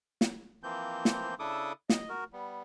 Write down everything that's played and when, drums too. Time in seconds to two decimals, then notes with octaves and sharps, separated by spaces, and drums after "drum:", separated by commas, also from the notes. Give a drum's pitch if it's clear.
0.21 drum: snare
0.63 E3 F3 A#3 C4 G6
1.05 drum: snare
1.39 C#3 D4 E4 A4 D6 D#6
1.90 D#5, drum: snare
2.09 F#4 A#4
2.33 G3 B3